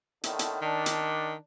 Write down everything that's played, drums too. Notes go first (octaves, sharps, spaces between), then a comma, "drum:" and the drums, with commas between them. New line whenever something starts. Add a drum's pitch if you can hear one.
A2 D3 D#3, drum: hi-hat
drum: hi-hat
D#3 D4
drum: hi-hat